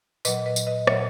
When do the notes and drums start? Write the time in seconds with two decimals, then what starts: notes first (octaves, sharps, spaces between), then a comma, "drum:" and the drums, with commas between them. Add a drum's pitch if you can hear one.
0.25 A#2 F#3 B4 D#5, drum: tambourine
0.46 B4 D#5
0.56 drum: tambourine
0.67 B4 D#5
0.87 A#2 F#3 C#5 E5, drum: rim click